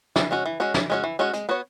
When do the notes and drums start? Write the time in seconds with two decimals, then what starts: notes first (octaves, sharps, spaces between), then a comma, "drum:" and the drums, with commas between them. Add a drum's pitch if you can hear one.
0.16 E3, drum: snare
0.31 G#3 C#4 F#4
0.46 E3
0.60 G#3 C#4 F#4
0.74 E3, drum: snare
0.90 G#3 C#4 F#4
1.04 E3
1.19 G#3 C#4 F#4
1.33 G#3, drum: hi-hat
1.49 B3 F#4 C#5